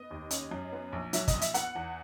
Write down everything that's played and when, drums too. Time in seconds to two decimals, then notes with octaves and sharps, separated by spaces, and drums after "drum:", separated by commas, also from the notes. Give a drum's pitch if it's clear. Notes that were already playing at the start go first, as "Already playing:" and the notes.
Already playing: B3 D#5
0.11 D#2
0.31 C#4 D#5, drum: hi-hat
0.51 F#2
0.72 B3
0.92 A#1
1.13 F#3 E5, drum: hi-hat
1.28 D#5, drum: kick, hi-hat
1.34 A#1
1.41 E5, drum: hi-hat
1.54 B3 F#5, drum: hi-hat
1.75 E2